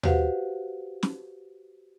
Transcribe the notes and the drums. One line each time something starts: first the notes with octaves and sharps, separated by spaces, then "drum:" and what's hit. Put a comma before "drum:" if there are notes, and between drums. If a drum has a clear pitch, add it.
F#4 G4 B4 C5 F5 F#5, drum: tom D#2
drum: snare